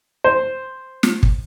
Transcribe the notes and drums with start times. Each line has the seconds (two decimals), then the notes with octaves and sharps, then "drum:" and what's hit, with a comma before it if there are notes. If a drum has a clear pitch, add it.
0.24 C5
1.03 drum: snare
1.23 drum: kick